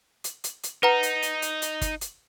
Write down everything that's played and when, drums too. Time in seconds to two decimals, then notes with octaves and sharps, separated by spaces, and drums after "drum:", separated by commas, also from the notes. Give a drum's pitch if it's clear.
0.24 drum: hi-hat
0.44 drum: hi-hat
0.63 drum: hi-hat
0.83 D#4 B4 F#5 A#5
1.03 drum: hi-hat
1.22 drum: hi-hat
1.42 drum: hi-hat
1.62 drum: hi-hat
1.81 drum: kick G1, hi-hat
2.01 drum: hi-hat